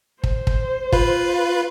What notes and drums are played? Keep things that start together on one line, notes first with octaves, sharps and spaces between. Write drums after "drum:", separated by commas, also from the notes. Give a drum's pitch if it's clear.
C5, drum: kick
drum: kick
F4 B4, drum: kick